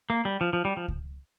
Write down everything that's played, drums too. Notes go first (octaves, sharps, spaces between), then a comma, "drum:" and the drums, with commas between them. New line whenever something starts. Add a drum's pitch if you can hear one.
A#3
G3
F3
F3
G3
F3
drum: kick C#2